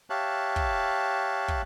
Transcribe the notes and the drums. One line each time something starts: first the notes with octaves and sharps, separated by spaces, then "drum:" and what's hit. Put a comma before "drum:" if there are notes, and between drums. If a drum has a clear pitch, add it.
G4 C#5 E5 F5 A5 F#6
drum: kick
drum: kick